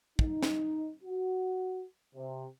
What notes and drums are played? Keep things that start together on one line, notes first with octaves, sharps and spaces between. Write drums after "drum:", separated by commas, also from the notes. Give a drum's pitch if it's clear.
D#4, drum: kick
drum: snare
F#4
C3